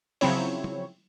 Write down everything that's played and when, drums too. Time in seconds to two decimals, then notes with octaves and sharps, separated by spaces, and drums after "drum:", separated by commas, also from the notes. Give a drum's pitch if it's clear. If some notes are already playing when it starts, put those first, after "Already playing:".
0.21 C#3 F3 F#3 C4 E4 C#5, drum: open hi-hat
0.64 drum: tom